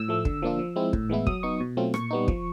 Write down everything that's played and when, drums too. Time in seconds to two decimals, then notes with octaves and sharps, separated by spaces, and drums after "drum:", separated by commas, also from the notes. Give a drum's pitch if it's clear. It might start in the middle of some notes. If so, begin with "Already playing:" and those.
Already playing: A2 E6
0.08 F3 A3
0.25 D3, drum: kick
0.42 F3 A#3 D4 F4
0.59 F3
0.76 G#3 C4 E4
0.93 A2, drum: kick
1.09 E3 G#3 B3 E4
1.26 F#3 D#6, drum: kick
1.43 B3 D#4 C#6
1.60 B2
1.77 F#3 A3 C4 F4
1.94 A#2 C#6, drum: rim click
2.11 G3 B3 D#4
2.28 F3, drum: kick